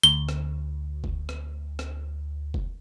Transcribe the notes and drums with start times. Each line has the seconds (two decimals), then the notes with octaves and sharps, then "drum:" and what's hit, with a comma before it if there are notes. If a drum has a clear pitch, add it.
0.04 D2 G7
0.29 drum: rim click
1.04 drum: kick
1.29 drum: rim click
1.79 drum: rim click
2.54 drum: kick